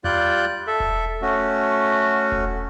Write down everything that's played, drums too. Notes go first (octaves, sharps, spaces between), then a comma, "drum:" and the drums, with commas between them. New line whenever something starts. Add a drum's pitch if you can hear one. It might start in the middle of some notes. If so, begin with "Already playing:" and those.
G3 F4 D5 F#6 G6, drum: tom E2
A4 E5
drum: kick E1
A3 C#4 F#4
drum: kick E1